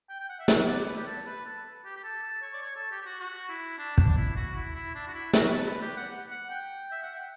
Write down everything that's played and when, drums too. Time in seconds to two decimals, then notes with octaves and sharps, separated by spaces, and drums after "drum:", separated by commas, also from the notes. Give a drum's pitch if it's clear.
0.09 G5
0.20 G5
0.29 F#5
0.40 E5
0.48 F#5, drum: snare
0.68 D5
0.87 B4
0.97 G4
1.06 A4
1.26 B4
1.46 A4
1.85 G4
1.96 G4
2.04 A4
2.23 A4
2.42 C#5
2.54 D5
2.62 C#5
2.76 A4
2.91 G4
3.02 G4
3.05 F#4
3.20 F#4
3.49 E4
3.78 D4
3.98 D4, drum: kick
4.17 E4
4.36 F#4
4.56 E4
4.75 E4
4.95 D4
5.08 F#4
5.14 E4
5.33 F#4, drum: snare
5.48 B4
5.52 A4
5.67 B4
5.82 G4
5.96 F#5
6.31 F#5
6.50 G5
6.92 E5
7.03 F#5
7.15 G5